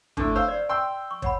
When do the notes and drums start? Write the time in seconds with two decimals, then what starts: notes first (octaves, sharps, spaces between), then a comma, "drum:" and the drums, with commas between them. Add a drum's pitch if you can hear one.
0.17 A2 D3, drum: kick
0.36 C5 F5 E6
0.48 D5
0.69 G5 C6 E6
1.11 C#6
1.22 C#5 F#5 B5, drum: kick